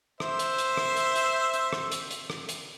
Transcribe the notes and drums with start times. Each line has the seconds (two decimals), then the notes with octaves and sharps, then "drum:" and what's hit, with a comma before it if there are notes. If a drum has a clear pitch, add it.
0.20 C5 E5, drum: rim click
0.39 drum: hi-hat
0.58 drum: hi-hat
0.77 drum: rim click
0.96 drum: hi-hat
1.15 drum: hi-hat
1.54 drum: hi-hat
1.73 drum: rim click
1.92 drum: hi-hat
2.11 drum: hi-hat
2.30 drum: rim click
2.49 drum: hi-hat